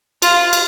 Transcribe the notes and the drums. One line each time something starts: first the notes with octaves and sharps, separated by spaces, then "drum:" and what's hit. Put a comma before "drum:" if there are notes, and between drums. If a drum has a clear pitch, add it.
F4, drum: cymbal
drum: cymbal